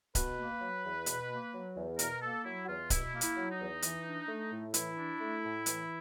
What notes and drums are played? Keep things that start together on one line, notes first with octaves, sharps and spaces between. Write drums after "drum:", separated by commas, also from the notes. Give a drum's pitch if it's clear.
B2 B4, drum: kick C#1, hi-hat
A#3
F#3
E2
B2, drum: hi-hat
A#3
F#3
E2
B2 A#4, drum: hi-hat
A#3 A4
F#3 E4
F#4
E2 F4
B2 E4, drum: kick C#1, hi-hat
A#3
E4, drum: hi-hat
F#3
D#4
E2
E3, drum: hi-hat
D4
A3
A2
E3 E4, drum: hi-hat
D4
A3
A2
E3, drum: hi-hat